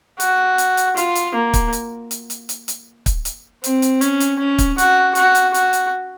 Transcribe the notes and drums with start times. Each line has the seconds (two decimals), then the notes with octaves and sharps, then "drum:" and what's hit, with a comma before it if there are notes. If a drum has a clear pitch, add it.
0.20 F#4, drum: hi-hat
0.58 drum: hi-hat
0.77 drum: hi-hat
0.97 F4, drum: hi-hat
1.15 drum: hi-hat
1.35 A#3
1.54 drum: kick, hi-hat
1.73 drum: hi-hat
2.11 drum: hi-hat
2.30 drum: hi-hat
2.49 drum: hi-hat
2.68 drum: hi-hat
3.06 drum: kick, hi-hat
3.25 drum: hi-hat
3.64 C4, drum: hi-hat
3.82 drum: hi-hat
4.01 C#4, drum: hi-hat
4.20 drum: hi-hat
4.39 C#4
4.58 drum: kick, hi-hat
4.78 F#4, drum: hi-hat
5.15 F#4, drum: hi-hat
5.35 drum: hi-hat
5.54 F#4, drum: hi-hat
5.73 drum: hi-hat